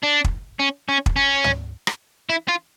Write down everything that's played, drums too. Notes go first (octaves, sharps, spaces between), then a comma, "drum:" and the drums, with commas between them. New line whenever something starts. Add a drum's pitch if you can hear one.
D4
drum: kick
C#4
C#4
drum: kick
C#4
drum: tom
drum: rim click
E4
F4